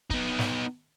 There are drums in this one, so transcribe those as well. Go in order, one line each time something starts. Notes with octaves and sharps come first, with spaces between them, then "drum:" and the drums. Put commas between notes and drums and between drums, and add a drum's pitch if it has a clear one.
B3 D#4, drum: kick
drum: snare